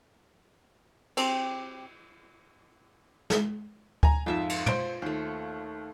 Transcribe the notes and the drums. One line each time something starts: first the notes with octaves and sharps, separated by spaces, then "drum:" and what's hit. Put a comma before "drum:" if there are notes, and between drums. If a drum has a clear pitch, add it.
C4 G4, drum: cymbal
drum: snare
G#5 A#5, drum: kick D2
F2 G#2 F4 E5 A5
drum: cymbal
C5 D7, drum: tom
D#2 A3 C5